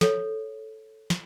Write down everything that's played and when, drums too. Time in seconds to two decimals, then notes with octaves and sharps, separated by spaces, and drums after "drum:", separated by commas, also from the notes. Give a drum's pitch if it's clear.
0.01 A4 C#5, drum: snare
1.10 drum: snare